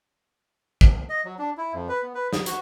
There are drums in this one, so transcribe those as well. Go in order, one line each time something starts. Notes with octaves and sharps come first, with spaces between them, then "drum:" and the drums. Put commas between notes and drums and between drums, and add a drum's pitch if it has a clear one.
drum: kick
D#5
F#3
D4
E4
F2
B4
B3
B4
D#6, drum: snare
F#4, drum: hi-hat